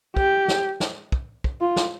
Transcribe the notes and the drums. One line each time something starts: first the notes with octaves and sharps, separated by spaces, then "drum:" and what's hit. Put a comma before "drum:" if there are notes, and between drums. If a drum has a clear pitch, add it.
G4, drum: kick
drum: snare
drum: snare
drum: kick
drum: kick
F4
drum: snare